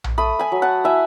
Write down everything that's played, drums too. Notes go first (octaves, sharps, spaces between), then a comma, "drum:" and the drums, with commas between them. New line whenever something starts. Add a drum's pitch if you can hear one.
drum: tom A#1
A3 B5 D#6
G#5 B5
F#3
F#5 A5
E4 E5 G#5